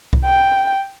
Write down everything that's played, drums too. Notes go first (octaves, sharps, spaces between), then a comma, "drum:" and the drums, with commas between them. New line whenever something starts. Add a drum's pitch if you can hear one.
drum: kick C2
G5